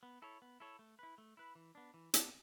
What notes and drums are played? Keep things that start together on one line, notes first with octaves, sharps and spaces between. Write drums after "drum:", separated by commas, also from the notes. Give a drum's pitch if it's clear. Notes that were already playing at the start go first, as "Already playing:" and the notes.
B3
E4 A4 C#5
B3
E4 A4 C#5
A3
E4 B4
A3
E4 B4
E3
B3 D4
E3
B3 D4, drum: hi-hat